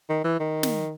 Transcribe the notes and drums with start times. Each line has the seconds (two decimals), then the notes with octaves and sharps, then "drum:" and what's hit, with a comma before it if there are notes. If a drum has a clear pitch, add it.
0.09 D#3
0.24 E3
0.40 D#3
0.63 drum: snare